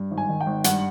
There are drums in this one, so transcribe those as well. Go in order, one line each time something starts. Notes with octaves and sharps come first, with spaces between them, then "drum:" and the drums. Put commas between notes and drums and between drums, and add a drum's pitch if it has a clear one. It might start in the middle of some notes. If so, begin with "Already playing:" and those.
Already playing: G2
G#1
G#5
D#3
G5
G#1
G2 F#5, drum: hi-hat